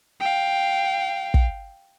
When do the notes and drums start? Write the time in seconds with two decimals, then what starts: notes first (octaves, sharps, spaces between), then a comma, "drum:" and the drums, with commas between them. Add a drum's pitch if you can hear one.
0.20 F5 G5
1.34 drum: kick